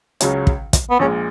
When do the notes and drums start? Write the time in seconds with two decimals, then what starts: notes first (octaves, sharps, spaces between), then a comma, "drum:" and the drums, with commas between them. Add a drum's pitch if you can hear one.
0.20 C#2 C#3 F#3 C#4, drum: hi-hat
0.47 drum: kick
0.73 drum: kick, hi-hat
0.91 B3
0.99 A#1 A#2 G#3 C#4